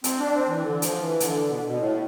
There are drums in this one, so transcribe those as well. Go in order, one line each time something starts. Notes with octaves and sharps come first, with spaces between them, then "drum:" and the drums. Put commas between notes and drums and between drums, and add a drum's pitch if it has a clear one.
C4, drum: hi-hat
D4
C4
E3
D3
F3, drum: hi-hat
E3
D3, drum: hi-hat
B2
B2
A2